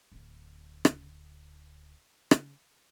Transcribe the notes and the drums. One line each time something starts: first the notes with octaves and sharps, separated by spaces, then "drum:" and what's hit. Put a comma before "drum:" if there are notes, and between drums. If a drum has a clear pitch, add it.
D1 D3
drum: rim click
drum: rim click